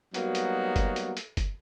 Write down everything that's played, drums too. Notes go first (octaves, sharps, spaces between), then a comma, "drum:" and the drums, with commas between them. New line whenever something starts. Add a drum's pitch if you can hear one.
F#3 G3 A#3 B3 D#4 F#4, drum: hi-hat
drum: hi-hat
drum: kick F#1, hi-hat
drum: hi-hat
drum: hi-hat
drum: kick F#1, hi-hat